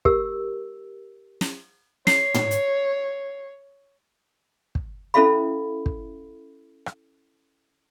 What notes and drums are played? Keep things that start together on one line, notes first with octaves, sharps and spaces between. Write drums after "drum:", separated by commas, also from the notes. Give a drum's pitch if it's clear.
G4 A#4 E6, drum: kick
drum: snare
C#5 C7, drum: snare
drum: tom
drum: hi-hat
drum: kick
C#4 E4 A4 E5 F5 B5
drum: kick
drum: rim click